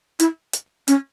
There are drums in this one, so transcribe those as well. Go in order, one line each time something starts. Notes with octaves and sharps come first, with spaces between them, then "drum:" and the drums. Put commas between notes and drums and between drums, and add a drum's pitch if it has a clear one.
E4, drum: hi-hat
drum: hi-hat
C#4, drum: hi-hat